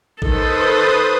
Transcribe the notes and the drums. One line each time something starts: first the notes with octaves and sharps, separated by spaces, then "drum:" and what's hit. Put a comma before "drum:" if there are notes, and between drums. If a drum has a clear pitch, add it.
D#3 A4 B4 C5 D#6, drum: kick A1